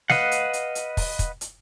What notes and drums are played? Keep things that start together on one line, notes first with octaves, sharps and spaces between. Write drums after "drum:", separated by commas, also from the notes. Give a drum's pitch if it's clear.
B4 D#5 F5 F#5, drum: snare
drum: hi-hat
drum: hi-hat
drum: hi-hat
drum: kick, open hi-hat
drum: kick, hi-hat
drum: hi-hat